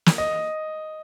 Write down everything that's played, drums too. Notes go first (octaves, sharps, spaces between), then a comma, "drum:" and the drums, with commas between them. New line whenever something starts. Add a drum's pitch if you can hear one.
drum: snare
D#5